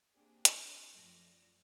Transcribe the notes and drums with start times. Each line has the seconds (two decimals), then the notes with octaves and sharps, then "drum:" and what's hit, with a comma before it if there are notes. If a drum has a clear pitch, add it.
0.14 A#3 C4 D4 G4 G#4
0.45 drum: hi-hat
0.93 F#2 F3 A3 D5 A#6